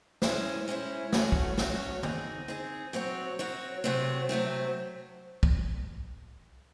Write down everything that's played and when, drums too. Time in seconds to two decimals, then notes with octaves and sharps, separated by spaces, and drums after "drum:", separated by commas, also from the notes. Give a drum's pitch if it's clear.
0.22 G#3 C#4 E4 C5, drum: snare
0.68 G#3 C#4 E4 C5
1.12 F#3 A3 C#4 F#4 C#5, drum: snare
1.32 drum: kick
1.58 F#3 A3 C#4 F#4 C#5, drum: snare
2.03 C4 D#4 G#4, drum: tom
2.48 C4 D#4 G#4
2.93 F#3 C4 F#4 C#5
3.39 F#3 C4 F#4 C#5
3.84 C3 F#3 A3 C4
4.29 C3 F#3 A3 C4
5.43 drum: kick